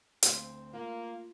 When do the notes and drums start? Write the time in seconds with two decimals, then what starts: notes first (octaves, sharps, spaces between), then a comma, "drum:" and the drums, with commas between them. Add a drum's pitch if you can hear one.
0.23 D2 C4 F5, drum: hi-hat
0.73 A#3 F4